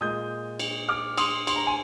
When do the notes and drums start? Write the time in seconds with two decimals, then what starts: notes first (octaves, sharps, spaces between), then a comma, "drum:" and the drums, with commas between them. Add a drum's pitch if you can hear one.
0.01 A#2 G#3 D#6 G6
0.59 drum: cymbal
0.89 D6 F6
1.18 C6 D#6, drum: cymbal
1.47 C6, drum: cymbal
1.56 A#5
1.66 G#5 C6